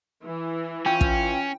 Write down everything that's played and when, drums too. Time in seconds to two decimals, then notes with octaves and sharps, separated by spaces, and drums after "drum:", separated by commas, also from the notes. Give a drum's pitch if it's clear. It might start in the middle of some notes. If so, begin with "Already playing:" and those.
0.24 E3
0.86 C#4 F4 G5
1.01 drum: kick